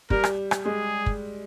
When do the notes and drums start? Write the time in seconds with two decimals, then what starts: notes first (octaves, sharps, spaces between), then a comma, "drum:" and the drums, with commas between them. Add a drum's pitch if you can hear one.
0.10 G3 A#4, drum: kick
0.24 drum: rim click
0.51 drum: rim click
0.65 G#3 G#4
1.06 drum: kick